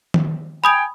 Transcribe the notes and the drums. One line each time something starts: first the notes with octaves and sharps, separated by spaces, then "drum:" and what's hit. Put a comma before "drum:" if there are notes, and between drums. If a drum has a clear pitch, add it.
drum: tom D#3
G5 G#5 B5 D#6 F7